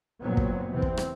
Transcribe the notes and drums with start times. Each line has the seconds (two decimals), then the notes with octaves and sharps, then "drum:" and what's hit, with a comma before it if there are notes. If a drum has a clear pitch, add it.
0.22 F#1 F#2 A#2 F#3 B3 C4
0.37 drum: kick
0.73 E2 C3 E3 C4
0.82 drum: kick
0.97 drum: rim click